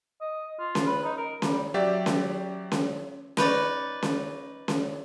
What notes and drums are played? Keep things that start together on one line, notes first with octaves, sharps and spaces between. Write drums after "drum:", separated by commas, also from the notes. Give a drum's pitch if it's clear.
D#5
F4
drum: snare C#4
B4
D#4
A#4
G3, drum: snare C#4
F#3 G4 D5 E5
drum: snare C#4
drum: snare C#4
D#4 B4 C#5 D5, drum: snare C#4
drum: snare C#4
drum: snare C#4